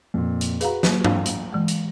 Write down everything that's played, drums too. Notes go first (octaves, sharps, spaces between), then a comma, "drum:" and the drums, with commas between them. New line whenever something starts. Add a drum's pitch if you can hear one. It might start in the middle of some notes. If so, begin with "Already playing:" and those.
F2 A#2
drum: hi-hat
F#4 G#4 B4 F5 A#5, drum: hi-hat
F#3 A#3, drum: snare
F5, drum: tom
drum: hi-hat
E3 G#3
drum: hi-hat